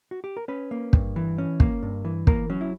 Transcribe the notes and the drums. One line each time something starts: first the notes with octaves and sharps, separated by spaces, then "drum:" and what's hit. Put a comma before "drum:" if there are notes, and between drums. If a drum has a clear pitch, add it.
F#4
G4
A#4
C#4 B4
A#3
G2, drum: kick
E3
C#4
A#3, drum: kick
G2
E3
A#3 A#4, drum: kick
F#3 C#4
E4